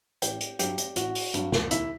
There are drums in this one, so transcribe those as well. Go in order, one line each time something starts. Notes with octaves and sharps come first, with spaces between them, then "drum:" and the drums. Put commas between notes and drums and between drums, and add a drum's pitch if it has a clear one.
A1 G4 G5, drum: hi-hat
drum: hi-hat
G2 F#3 G4 G5, drum: hi-hat
drum: hi-hat
A1 F#4 F#5, drum: hi-hat
drum: open hi-hat
G2 F#3, drum: hi-hat
drum: snare
D#2 E4 E5, drum: hi-hat